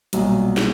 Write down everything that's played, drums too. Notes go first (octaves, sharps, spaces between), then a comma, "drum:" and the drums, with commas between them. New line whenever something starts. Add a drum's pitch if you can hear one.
B1 A#2 F#3 G3, drum: hi-hat
drum: snare